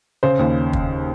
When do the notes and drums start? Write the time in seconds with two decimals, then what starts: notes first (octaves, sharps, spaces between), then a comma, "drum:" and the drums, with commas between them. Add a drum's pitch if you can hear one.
0.23 C#3 C5
0.39 D#2
0.73 drum: kick